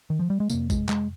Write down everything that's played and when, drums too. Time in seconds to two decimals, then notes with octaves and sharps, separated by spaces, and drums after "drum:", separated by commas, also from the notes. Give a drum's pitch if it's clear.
0.10 D#3
0.19 F3
0.30 G3
0.40 G#3
0.50 F2 C3 A#3, drum: tambourine
0.70 G#3, drum: kick, tambourine
0.89 G#3, drum: clap